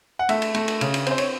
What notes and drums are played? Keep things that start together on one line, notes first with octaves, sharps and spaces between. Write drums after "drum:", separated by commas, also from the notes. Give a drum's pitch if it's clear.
F#5
A3 E5, drum: cymbal
drum: cymbal
A3, drum: cymbal
drum: cymbal
C#3, drum: cymbal
drum: cymbal
C4 C5, drum: cymbal
C#5, drum: cymbal